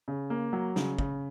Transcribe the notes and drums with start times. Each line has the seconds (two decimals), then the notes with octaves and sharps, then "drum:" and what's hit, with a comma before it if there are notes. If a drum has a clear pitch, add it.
0.08 C#3
0.30 A#3
0.53 F#3
0.76 C#3, drum: snare
0.99 C#3, drum: kick